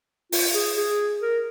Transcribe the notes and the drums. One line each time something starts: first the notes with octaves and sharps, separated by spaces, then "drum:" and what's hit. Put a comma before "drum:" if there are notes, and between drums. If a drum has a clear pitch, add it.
F4, drum: open hi-hat
G#4
G#4
A#4